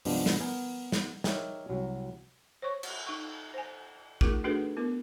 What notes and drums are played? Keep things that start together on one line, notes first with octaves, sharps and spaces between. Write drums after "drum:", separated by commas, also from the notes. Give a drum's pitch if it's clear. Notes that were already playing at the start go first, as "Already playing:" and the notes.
C2 G2 F3 G#3 B3 D4, drum: open hi-hat
drum: snare
B3 A#4 G#5
drum: snare
D#4 G4 G#4 A#4 C#5 E5, drum: snare
C2 F#3
C5 C#5 C#6
drum: cymbal
D#4 C#6
C5 G#5
A3 D#4 F4 G#4 A#4, drum: kick
A3 D4 F#4 G#4 A4 B4
B3 E4 A#4